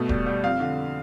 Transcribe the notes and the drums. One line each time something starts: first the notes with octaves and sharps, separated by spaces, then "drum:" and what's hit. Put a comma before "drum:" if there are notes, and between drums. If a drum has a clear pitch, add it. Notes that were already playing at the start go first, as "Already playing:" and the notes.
Already playing: B2 A3
G3, drum: kick D#1
G3
F2 F5
D3